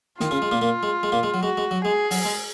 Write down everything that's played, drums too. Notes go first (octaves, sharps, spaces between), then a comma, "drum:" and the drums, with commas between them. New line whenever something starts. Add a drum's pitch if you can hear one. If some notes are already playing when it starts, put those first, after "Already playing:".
D#3 D#4 F4, drum: snare
C#3 C#4
G#3
A#2 A#3
A#2 A#3
G#3
G#3
A#2 A#3
G#3
F#3
G#3 F#4
G#3
F#3
G#3 G#4
F#3, drum: open hi-hat
G#3